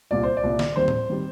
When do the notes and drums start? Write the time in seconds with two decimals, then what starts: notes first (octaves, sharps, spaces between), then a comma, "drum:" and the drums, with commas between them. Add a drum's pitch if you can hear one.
0.11 C2 A#2 G3 D5
0.23 C5
0.37 D5
0.43 C2 A#2 G3
0.59 drum: snare
0.76 D#2 D#3 G3 C4 C5
0.88 drum: tom A2
1.10 D#3 G3 C4